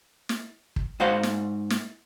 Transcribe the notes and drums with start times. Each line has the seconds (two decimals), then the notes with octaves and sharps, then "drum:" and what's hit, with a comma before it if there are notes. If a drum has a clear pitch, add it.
0.29 drum: snare
0.76 drum: kick
1.00 G#2 F#4 C5 F5 F#5 A#5
1.23 drum: snare
1.70 drum: snare